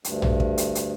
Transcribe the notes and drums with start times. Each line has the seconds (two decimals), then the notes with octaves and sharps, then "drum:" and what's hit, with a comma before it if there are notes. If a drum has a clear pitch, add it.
0.04 D2 G2, drum: hi-hat
0.22 drum: tom A#1
0.40 drum: kick
0.58 drum: hi-hat
0.75 drum: hi-hat